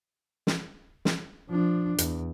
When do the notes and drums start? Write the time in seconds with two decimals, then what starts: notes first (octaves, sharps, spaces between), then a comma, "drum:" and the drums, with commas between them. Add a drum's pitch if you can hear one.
0.47 drum: snare
1.05 drum: snare
1.50 F3 D4
1.98 E2, drum: hi-hat